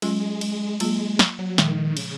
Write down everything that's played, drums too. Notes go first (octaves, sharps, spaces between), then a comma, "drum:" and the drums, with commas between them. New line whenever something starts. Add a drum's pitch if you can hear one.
F#3 G#3 C#4 F4, drum: cymbal
drum: cymbal
F#3 G#3 A#3 F4, drum: cymbal
drum: snare
F#3
A#2 D#3 F3 G#3, drum: snare
C#3, drum: cymbal